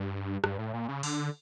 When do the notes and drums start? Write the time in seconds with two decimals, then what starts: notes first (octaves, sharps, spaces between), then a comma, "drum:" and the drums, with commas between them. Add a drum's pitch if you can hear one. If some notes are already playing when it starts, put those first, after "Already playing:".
Already playing: G2
0.44 G2, drum: rim click
0.59 A2
0.73 A#2
0.88 C#3
1.03 D3, drum: open hi-hat